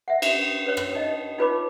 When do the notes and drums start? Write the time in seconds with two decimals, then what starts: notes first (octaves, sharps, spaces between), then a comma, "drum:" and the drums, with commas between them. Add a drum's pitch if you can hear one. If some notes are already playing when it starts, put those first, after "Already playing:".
0.08 E5 F#5
0.22 drum: cymbal
0.66 B4 C#5
0.77 drum: rim click
0.95 D#4 D#5
1.38 D#4 F4 B4 C#5 B5 D6